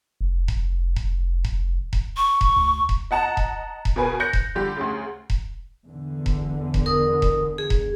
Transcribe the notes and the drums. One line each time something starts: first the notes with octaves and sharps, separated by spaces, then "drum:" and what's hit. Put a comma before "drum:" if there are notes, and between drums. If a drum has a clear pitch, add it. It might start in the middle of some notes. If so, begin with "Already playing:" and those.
F1
drum: kick E1
drum: kick E1
drum: kick E1
drum: kick E1
C#6
drum: kick E1
D2
drum: kick E1
D#5 F#5 A5 A#5
drum: kick E1
drum: kick E1
B2 G#4 A#4 B4 G#5
F#6 G6 A#6 C#7
drum: kick E1
D3 G3 G4
D2 C#3
drum: kick E1
E2 D3
drum: kick E1
drum: kick E1
A#4 D#6
drum: kick E1
G#4
drum: kick E1